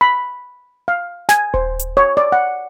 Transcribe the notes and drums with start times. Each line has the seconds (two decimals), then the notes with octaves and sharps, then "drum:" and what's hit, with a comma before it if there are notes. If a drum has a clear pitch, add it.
0.01 B5
0.88 F5
1.29 G#5, drum: snare
1.54 C5, drum: kick D#1
1.79 drum: hi-hat
1.97 C#5
2.17 D5
2.32 F#5